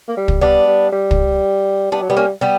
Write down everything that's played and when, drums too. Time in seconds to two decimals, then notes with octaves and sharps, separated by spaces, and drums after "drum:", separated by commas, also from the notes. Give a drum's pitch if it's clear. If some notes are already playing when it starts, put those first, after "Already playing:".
0.08 A#3
0.17 G3
0.28 drum: kick
0.41 G3 B3 D4
0.67 G3
0.92 G3
1.11 drum: kick
1.92 G3 B3 D4
2.01 F#3
2.10 G3 B3
2.17 A#3 C#4
2.41 G3 B3